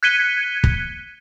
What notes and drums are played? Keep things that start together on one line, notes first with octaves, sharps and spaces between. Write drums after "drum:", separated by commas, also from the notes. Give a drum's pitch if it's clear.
F#6 G#6 B6 C#7 D#7 G7
drum: kick